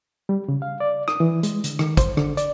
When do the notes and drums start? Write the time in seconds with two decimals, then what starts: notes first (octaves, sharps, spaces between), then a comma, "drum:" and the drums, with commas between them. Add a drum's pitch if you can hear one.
0.29 G3
0.49 C#3
0.62 F5
0.80 D5
1.08 D#6, drum: rim click
1.20 E3
1.43 G#3, drum: hi-hat
1.64 D3, drum: hi-hat
1.79 D#3, drum: rim click
1.97 C5, drum: kick, hi-hat
2.17 D3, drum: rim click
2.37 D5, drum: hi-hat